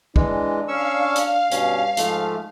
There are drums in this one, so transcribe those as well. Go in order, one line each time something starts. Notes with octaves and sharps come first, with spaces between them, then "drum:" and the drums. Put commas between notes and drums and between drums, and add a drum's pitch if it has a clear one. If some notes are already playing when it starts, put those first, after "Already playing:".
E3 G#3 D4, drum: kick
C#4 F5 C#6 E6
drum: hi-hat
G2 B2 C#4, drum: hi-hat
G#2 F3 A3, drum: hi-hat